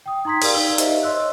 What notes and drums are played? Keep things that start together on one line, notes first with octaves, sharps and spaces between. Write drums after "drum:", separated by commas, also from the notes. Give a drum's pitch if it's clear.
G5 D#6
D#4 A#5 C6 G#6 B6
G4 A#4 D5 F5, drum: open hi-hat
D#4 F5 E6 G7
D#4 G4 C5 D#5 E5, drum: hi-hat
C#5 D#5 C6 E6 F#6